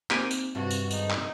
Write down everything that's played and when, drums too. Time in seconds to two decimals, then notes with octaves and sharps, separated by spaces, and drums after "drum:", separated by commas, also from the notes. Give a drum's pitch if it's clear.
0.11 A#3 C4 D#4 G4 G#5, drum: clap
0.31 drum: tambourine
0.55 G2 C3 F#4
0.71 drum: tambourine
0.91 G#1 D#4, drum: tambourine
1.10 drum: clap